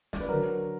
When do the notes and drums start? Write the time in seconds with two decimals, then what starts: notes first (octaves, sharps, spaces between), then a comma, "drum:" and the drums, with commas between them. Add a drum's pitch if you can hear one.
0.13 D5, drum: snare
0.21 B4
0.28 D3 F#3 F#4 A#4